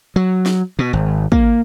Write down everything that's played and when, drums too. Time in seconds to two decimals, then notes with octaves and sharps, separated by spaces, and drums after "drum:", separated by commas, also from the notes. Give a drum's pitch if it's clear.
0.16 F#3
0.46 drum: snare
0.79 B2
0.93 G#1
1.32 A#3, drum: kick